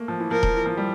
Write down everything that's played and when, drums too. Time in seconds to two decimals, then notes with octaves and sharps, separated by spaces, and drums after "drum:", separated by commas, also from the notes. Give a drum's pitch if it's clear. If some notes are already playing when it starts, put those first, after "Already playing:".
Already playing: A3 A#3
0.08 F3
0.20 E3
0.31 F3 A#4
0.43 F3, drum: kick D#1
0.54 E3
0.66 F3
0.77 G3